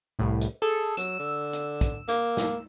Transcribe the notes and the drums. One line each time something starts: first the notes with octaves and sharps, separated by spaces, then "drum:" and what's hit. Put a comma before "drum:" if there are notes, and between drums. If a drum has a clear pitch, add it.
C2 A2
drum: hi-hat
G#4 A4
F#3 E6, drum: hi-hat
D3
drum: hi-hat
drum: kick, hi-hat
A#3, drum: hi-hat
drum: snare